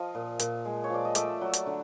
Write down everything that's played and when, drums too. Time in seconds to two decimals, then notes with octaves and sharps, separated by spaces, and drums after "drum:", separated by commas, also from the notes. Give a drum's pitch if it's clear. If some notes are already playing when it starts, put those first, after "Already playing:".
Already playing: F3 D#5 F5
0.15 A#2
0.39 A#2, drum: hi-hat
0.65 G#3
0.84 C#5
0.90 F3 D5
1.05 D#5
1.15 A3 D5 E5, drum: hi-hat
1.41 F#3
1.53 drum: hi-hat
1.66 D3